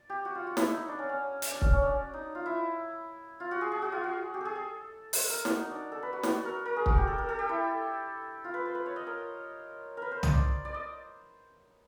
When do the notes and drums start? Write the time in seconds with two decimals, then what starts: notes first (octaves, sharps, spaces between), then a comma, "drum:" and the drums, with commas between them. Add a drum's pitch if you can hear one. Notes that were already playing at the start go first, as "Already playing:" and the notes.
Already playing: D5
0.09 G4
0.25 F#4
0.35 F4
0.47 F#4
0.57 E4, drum: snare
0.73 D#4
0.88 D4
0.99 C#4
1.09 C#4
1.42 drum: hi-hat
1.51 D4
1.62 C#4, drum: kick C#1
1.73 C#4
1.82 D4
2.14 D#4
2.35 F4
2.46 E4
3.40 F4
3.51 F#4
3.61 G#4
3.72 G#4
3.82 F#4
3.92 F4
4.04 F#4
4.34 G4
4.41 G#4 A4
4.55 A4
5.13 drum: open hi-hat
5.29 A#4
5.45 F#4, drum: snare
5.60 D#4
5.71 D4
5.92 A4
6.03 B4
6.13 F#4
6.23 F#4, drum: snare
6.45 A#4
6.65 A#4
6.76 G#4
6.86 F#4, drum: kick C#1
6.97 G4
7.07 A4
7.18 A#4
7.29 A4
7.39 G4
7.49 E4
8.44 F4
8.54 B4
8.65 C5
8.75 B4
8.86 C#5
8.96 D#5
9.07 A#4
9.97 A#4 B4
10.11 C5
10.23 D#5, drum: tom
10.32 D5
10.65 D5
10.74 D#5